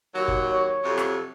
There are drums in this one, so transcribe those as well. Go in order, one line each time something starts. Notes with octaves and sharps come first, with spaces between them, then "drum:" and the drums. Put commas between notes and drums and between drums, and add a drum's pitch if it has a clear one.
D#2 F#3
drum: kick
C#5
F2 C3 F#3
drum: rim click